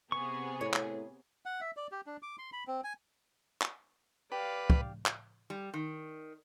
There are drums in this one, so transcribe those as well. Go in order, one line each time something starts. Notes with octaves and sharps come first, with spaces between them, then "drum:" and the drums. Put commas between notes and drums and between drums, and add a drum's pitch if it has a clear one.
C3 B3 G#4 C#6
A2 C#5
drum: clap
F#5
E5
D5
G4
D4
D6
C6
B5
C4
G#5
drum: clap
G4 B4 D5 F5
drum: kick
drum: clap
G3
D#3